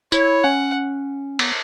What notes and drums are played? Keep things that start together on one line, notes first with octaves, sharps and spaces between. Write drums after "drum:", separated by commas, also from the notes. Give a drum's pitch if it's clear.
E4 C#5, drum: tambourine
C#4 F#5
B3, drum: cymbal